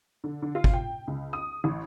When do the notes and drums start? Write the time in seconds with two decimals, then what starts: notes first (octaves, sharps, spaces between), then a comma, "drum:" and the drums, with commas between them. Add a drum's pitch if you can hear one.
0.24 D3
0.42 D3
0.55 F4
0.64 drum: kick
0.74 G5
1.07 C#2
1.33 D#6
1.64 A1